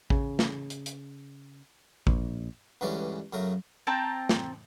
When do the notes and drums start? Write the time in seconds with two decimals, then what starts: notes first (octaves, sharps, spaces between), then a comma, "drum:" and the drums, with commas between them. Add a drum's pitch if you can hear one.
0.10 C#3, drum: kick A1
0.39 drum: snare
0.70 drum: hi-hat
0.86 drum: hi-hat
2.07 A#1, drum: kick A1
2.81 C#2 G2 D3 E3 C#4 D5
3.33 F#2 C#3 A3 A#4
3.87 C4 G5 A5 A#5
4.29 drum: snare